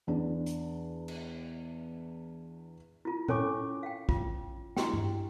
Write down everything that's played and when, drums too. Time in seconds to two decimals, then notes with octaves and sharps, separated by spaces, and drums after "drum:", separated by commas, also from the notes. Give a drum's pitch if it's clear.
0.07 E2 D4
0.46 drum: hi-hat
1.08 drum: cymbal
3.05 E4 F4
3.28 C#4 A4 C#5 G#5 C#6 D6, drum: tom A#2
3.83 F5 G5
4.09 F4, drum: kick
4.77 D4 E4 F#4 G4 G5, drum: snare
4.93 drum: tom G2